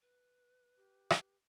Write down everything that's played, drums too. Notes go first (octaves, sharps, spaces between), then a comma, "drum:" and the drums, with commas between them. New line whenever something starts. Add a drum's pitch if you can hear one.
B4
G4
drum: rim click